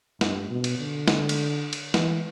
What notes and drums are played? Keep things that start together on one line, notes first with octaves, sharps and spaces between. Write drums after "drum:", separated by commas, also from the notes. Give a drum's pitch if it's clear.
G2, drum: snare
B2
drum: cymbal
D3
drum: snare
drum: cymbal
drum: cymbal
E3, drum: snare